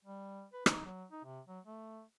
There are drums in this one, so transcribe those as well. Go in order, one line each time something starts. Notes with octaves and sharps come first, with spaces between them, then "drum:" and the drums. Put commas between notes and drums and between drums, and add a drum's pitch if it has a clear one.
G3
B4
D#4, drum: rim click
F#3
D#4
C3
F#3
A3